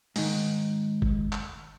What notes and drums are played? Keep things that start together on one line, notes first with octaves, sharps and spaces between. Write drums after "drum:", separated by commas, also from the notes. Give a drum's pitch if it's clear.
G#2 D#3, drum: open hi-hat
drum: kick
drum: clap